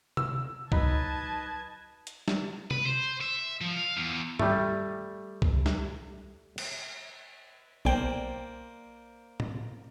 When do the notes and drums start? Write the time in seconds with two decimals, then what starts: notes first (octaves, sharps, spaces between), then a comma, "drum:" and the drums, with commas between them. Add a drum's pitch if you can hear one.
0.17 E6, drum: tom C3
0.72 F#3 D#4 B4 D#5 A5 B5 G#6, drum: kick C2
2.07 drum: hi-hat
2.28 drum: snare
2.71 B4, drum: tom C3
2.86 C5
3.21 E5
3.61 F3
3.77 F5
3.97 E2
4.39 G3 A3, drum: tom G2
5.42 drum: kick C2
5.66 drum: snare
6.58 drum: cymbal
7.85 B1 A#3 C5 D5 G5
9.40 drum: tom